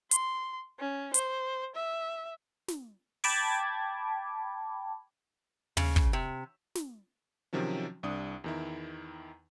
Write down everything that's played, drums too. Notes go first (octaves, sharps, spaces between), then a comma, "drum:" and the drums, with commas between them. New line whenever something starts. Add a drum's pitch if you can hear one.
C6, drum: hi-hat
C#4
C5, drum: hi-hat
E5
drum: snare
G5 A5 B5 D6 G#6, drum: open hi-hat
C#3, drum: tom
drum: kick
C3
drum: snare
C3 D#3 F3 F#3 C#4
C2 D4 D#6
E2 D#3 E4